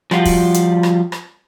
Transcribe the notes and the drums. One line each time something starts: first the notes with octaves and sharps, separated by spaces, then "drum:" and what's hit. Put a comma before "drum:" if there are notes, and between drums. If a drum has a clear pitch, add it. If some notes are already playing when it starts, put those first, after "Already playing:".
F3 G3 F4 F#4, drum: rim click
drum: kick, open hi-hat
drum: hi-hat
drum: rim click
drum: rim click